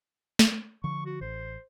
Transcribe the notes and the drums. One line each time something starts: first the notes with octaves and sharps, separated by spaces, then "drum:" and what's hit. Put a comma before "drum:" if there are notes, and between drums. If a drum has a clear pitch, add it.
drum: snare
D3 F3 C#6
F#4
A1 C5